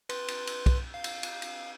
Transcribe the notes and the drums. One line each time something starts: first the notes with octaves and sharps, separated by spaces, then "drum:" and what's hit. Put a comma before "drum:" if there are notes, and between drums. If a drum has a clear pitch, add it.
B4 C6, drum: cymbal
drum: cymbal
drum: cymbal
drum: kick B1, cymbal
F5
drum: cymbal
drum: cymbal
drum: cymbal